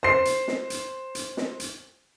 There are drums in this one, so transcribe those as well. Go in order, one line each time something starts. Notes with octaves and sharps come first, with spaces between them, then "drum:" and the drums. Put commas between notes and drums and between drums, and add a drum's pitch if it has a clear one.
C5 C7
drum: hi-hat
drum: snare
drum: hi-hat
drum: hi-hat
drum: snare
drum: hi-hat